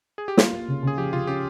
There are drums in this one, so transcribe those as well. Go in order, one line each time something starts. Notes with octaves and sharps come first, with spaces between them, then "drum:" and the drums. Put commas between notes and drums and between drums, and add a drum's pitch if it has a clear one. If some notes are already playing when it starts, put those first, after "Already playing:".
G#4
G4
A#3 F4, drum: snare
A#3
C#3
C#3 G#4
F3 G4
C#3 F4
C#4 G4